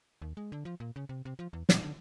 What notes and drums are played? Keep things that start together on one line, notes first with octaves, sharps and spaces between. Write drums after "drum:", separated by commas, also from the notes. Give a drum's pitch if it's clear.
D#2
G#3
D3
F3
A#2
C#3
C3
C3
F3
E2
A#2, drum: snare
D3